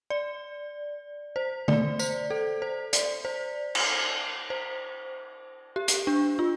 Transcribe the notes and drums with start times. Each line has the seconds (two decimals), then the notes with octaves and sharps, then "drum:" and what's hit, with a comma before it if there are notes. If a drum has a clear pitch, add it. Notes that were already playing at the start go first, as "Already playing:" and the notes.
0.10 D5
1.36 C5
1.68 D5, drum: tom D3
1.99 C5, drum: tambourine
2.30 A4
2.62 C5
2.93 D5, drum: hi-hat
3.25 C5
3.75 drum: cymbal
4.50 C5
5.76 G4
5.88 drum: hi-hat
6.07 D4
6.39 F4